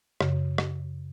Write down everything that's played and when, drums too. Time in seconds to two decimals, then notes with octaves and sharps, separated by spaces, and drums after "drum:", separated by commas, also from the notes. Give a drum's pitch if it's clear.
0.21 F#2 C#3, drum: rim click
0.58 drum: rim click